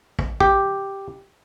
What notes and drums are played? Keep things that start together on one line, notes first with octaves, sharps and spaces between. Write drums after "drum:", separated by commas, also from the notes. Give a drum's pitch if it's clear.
drum: kick
G4, drum: kick